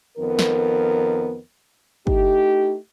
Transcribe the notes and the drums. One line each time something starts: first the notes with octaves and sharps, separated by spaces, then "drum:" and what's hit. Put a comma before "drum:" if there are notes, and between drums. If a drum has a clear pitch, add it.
F2 D#3 B3 A#4
drum: snare
A3 D#4 E4 G4, drum: kick